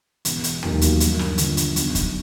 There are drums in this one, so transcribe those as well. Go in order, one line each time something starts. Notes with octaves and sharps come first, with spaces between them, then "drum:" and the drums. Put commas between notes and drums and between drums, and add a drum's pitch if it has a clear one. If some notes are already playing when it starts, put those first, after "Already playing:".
E1, drum: hi-hat
drum: hi-hat
D#2 D#3 F#3 A#3, drum: tom D#2
drum: hi-hat
G2, drum: hi-hat
drum: snare
D3 F3, drum: hi-hat
drum: hi-hat
B1, drum: hi-hat
drum: kick F1, hi-hat